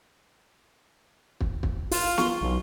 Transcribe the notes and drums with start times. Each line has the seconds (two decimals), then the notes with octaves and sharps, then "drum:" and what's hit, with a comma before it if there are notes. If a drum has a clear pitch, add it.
1.41 drum: kick
1.63 drum: kick
1.91 F4, drum: open hi-hat
2.18 C#6 G7, drum: snare
2.41 B1